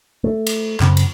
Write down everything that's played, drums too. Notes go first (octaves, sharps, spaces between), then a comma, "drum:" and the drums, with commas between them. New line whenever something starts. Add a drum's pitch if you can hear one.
A3
drum: cymbal
F#2 C#3 C4, drum: clap
drum: cymbal